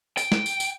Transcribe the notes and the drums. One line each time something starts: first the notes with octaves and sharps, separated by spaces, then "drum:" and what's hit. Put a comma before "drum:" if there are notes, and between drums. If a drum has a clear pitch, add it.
G5, drum: tambourine
drum: snare G#3
drum: tambourine
drum: tambourine